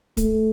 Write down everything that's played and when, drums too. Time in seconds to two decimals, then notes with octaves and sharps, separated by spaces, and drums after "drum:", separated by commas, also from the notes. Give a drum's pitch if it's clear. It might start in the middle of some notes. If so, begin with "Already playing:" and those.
0.17 A3, drum: kick, hi-hat